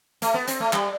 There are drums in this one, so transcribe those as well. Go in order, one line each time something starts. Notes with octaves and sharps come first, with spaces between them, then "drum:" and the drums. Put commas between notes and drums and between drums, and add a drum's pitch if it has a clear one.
A3, drum: hi-hat
B3
C4, drum: hi-hat
A3
G3, drum: clap